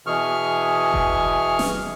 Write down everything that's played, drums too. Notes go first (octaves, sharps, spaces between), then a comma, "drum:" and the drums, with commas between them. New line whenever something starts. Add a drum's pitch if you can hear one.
B2 E3 G#4 C#6 F6
drum: kick F1
drum: snare